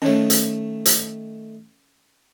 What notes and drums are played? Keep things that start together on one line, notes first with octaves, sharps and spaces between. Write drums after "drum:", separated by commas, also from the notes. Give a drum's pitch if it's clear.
D#3 A3 C#4 C#5
drum: hi-hat
drum: hi-hat